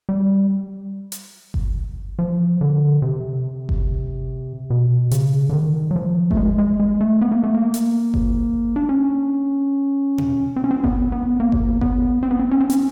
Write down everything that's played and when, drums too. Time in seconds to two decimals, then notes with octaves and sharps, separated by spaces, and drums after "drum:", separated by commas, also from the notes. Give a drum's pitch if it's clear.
0.09 G3
1.12 drum: hi-hat
1.54 drum: kick G1
2.19 F3
2.61 D3
3.02 C3
3.69 drum: kick G1
4.70 B2
5.11 C#3, drum: hi-hat
5.49 D3
5.53 D#3
5.91 F#3
5.96 F3
6.31 A3, drum: kick G1
6.37 G#3
6.58 G#3
6.80 G#3
7.01 A3
7.21 B3
7.32 A#3
7.44 A3
7.55 A#3
7.74 drum: hi-hat
8.14 drum: kick G1
8.76 D4
8.89 C#4
10.18 drum: tom B2
10.56 C4
10.64 C#4
10.71 C4
10.84 B3, drum: kick G1
11.12 B3
11.40 A#3
11.52 drum: kick G1
11.81 B3, drum: kick G1
12.23 C4
12.31 B3
12.39 C4
12.51 C#4
12.61 C4
12.70 C#4, drum: hi-hat